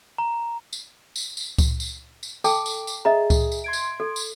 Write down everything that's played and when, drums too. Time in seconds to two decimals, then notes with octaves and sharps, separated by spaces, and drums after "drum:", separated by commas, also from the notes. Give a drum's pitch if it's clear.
0.18 A#5
0.73 drum: tambourine
1.16 drum: tambourine
1.37 drum: tambourine
1.58 drum: kick C#2, tambourine
1.80 drum: tambourine
2.23 drum: tambourine
2.44 A4 G5 A5 D6, drum: tambourine
2.66 drum: tambourine
2.87 drum: tambourine
3.05 G#4 D#5 E5 A#5
3.30 drum: kick C#2, tambourine
3.52 drum: tambourine
3.64 C6 G#6 D7
3.73 drum: tambourine
4.00 A4
4.16 drum: tambourine